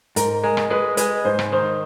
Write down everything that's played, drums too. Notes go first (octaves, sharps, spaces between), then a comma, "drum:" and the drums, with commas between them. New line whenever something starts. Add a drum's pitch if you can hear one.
G#2 A#4, drum: hi-hat
G#3 A#4
drum: rim click
G#3 B4
G#3 B4, drum: hi-hat
G#2 C5
drum: rim click
D#3 C5